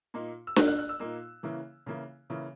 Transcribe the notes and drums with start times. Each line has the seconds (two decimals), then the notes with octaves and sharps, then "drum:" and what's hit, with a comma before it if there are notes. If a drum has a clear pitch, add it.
0.14 A#2 A#3 D#4
0.47 E6
0.56 A#2 A#3 D#4 F#6, drum: snare D4
0.68 F#6
0.79 F#6
0.89 E6
1.00 A#2 A#3 D#4 E6
1.43 C#3 E3 A#3 E4
1.86 C#3 E3 A#3 E4
2.30 C#3 E3 A#3 E4